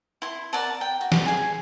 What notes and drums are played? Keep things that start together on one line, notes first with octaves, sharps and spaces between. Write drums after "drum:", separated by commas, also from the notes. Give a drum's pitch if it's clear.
E4 C6
A#4 D5 F#5 A5
G5
F#4
drum: snare
G#4 G#5